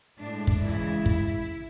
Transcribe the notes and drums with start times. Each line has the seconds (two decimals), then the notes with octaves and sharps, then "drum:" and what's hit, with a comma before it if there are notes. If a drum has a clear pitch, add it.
0.18 A2 G#3 D4
0.47 drum: kick
0.61 C#3 E3 G#3 E4
1.06 drum: kick